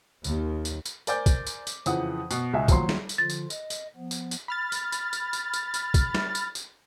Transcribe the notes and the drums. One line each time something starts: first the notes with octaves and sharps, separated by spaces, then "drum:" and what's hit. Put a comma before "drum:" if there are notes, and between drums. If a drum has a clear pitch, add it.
D#2, drum: tambourine
drum: tambourine
drum: tambourine
A#4 C5 D5 G#5 D6 G6, drum: tambourine
drum: kick, tambourine
drum: tambourine
drum: tambourine
F2 C#3 E3 F3 F#5 D#6, drum: tambourine
B2, drum: tambourine
C#2 B2 G#3 E5 G#5
D#2 F3 F#3 C6, drum: kick, tambourine
drum: snare
drum: tambourine
D3 F3 F4 A6
drum: tambourine
D#5, drum: tambourine
drum: tambourine
F3 B3
drum: tambourine
drum: tambourine
B5 F6 A6
drum: tambourine
drum: tambourine
drum: tambourine
drum: tambourine
drum: tambourine
drum: tambourine
drum: kick, tambourine
drum: snare
drum: tambourine
drum: tambourine